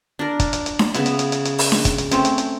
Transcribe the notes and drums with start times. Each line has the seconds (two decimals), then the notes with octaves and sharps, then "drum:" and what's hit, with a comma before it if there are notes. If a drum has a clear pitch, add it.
0.19 D4 A#4
0.40 drum: kick, hi-hat
0.53 drum: hi-hat
0.66 drum: hi-hat
0.79 drum: snare D4
0.94 C#3 B3 E5, drum: hi-hat
1.06 drum: hi-hat
1.19 drum: hi-hat
1.32 drum: hi-hat
1.45 drum: hi-hat
1.59 drum: open hi-hat
1.72 drum: snare D4
1.85 drum: kick, hi-hat
1.98 drum: hi-hat
2.11 A3 C4 C#4, drum: hi-hat
2.25 drum: hi-hat
2.38 drum: hi-hat